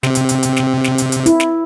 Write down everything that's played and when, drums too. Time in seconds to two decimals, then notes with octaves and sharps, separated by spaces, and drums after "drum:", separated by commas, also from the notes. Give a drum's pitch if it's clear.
0.03 C3 C4, drum: snare
0.15 drum: hi-hat
0.29 drum: hi-hat
0.43 drum: hi-hat
0.57 drum: snare
0.84 drum: snare
0.98 drum: hi-hat
1.12 drum: hi-hat
1.26 E4, drum: hi-hat
1.40 drum: snare